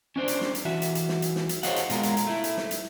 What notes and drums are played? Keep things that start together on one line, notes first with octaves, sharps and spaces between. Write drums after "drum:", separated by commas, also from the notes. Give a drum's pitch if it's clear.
C#4 D4 C5 D5
drum: hi-hat
drum: snare
drum: hi-hat
E3 F#4 E5
drum: hi-hat
drum: hi-hat
drum: snare
drum: hi-hat
drum: snare
drum: hi-hat
G#4 C5 C#5 D#5 F5 F#5, drum: hi-hat
drum: hi-hat
B2 G#3 F4 A#4, drum: hi-hat
drum: hi-hat
drum: hi-hat
A3 E4
drum: hi-hat
drum: snare
drum: hi-hat